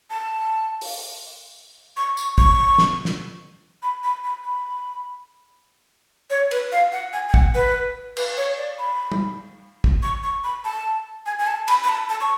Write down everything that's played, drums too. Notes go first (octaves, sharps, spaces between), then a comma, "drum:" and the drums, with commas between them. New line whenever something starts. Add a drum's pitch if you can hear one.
A5
drum: open hi-hat
C#6
C#6, drum: tambourine
C#6, drum: kick
drum: snare
drum: snare
B5
B5
B5
B5
C#5
B4, drum: cymbal
F5
F#5
G#5
G#5
F#5, drum: kick
B4
B4, drum: cymbal
C#5
D5
B5
drum: tom
drum: kick
C#6
C#6
B5
A5
G#5
G#5
A5
B5, drum: cymbal
B5
A5
A5
C#6